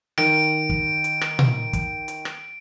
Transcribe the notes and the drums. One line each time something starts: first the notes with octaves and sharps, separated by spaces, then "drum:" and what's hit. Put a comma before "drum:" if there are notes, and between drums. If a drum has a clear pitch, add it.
D#3 D7, drum: rim click
drum: kick
drum: hi-hat
drum: rim click
drum: tom A#2
drum: kick, hi-hat
drum: hi-hat
drum: rim click